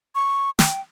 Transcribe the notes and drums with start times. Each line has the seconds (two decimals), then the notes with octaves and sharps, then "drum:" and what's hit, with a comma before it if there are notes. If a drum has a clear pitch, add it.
0.15 C#6
0.59 G5, drum: snare